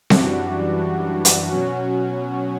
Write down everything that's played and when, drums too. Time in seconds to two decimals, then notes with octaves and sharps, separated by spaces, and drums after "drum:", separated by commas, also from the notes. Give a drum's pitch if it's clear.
0.10 F#2 E3 G3 D4 F#4, drum: snare C4
1.25 drum: hi-hat
1.48 B2 F#3 C#4 F#4